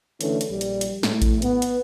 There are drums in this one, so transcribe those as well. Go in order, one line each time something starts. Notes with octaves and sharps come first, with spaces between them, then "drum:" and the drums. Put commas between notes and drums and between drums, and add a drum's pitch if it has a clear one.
D3 E3 A3 C#4, drum: hi-hat
drum: hi-hat
A#1 G3
drum: hi-hat
drum: hi-hat
A2, drum: snare
drum: kick A1, hi-hat
B3, drum: hi-hat
drum: hi-hat